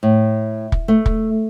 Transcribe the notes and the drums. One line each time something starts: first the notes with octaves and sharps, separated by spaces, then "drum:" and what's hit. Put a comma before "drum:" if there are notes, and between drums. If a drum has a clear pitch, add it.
A2
drum: kick
A3
drum: kick